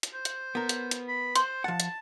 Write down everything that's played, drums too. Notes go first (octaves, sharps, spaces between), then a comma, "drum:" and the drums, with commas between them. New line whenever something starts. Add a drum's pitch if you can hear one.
drum: hi-hat
C5
drum: hi-hat
B3 A#4
drum: hi-hat
drum: hi-hat
B5
C5 C6, drum: hi-hat
F3 F#5 A5
drum: hi-hat